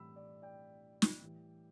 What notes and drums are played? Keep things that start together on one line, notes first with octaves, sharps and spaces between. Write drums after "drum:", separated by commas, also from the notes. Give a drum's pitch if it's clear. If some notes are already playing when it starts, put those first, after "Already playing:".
Already playing: A2 E3 G3 B5 E6
D5
D5 G5
drum: snare
A2 E3 G3